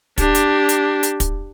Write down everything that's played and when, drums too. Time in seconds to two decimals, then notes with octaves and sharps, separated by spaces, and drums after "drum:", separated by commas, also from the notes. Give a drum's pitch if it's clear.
0.18 D4 G4, drum: kick, hi-hat
0.35 drum: hi-hat
0.69 drum: hi-hat
1.03 drum: hi-hat
1.20 drum: kick, hi-hat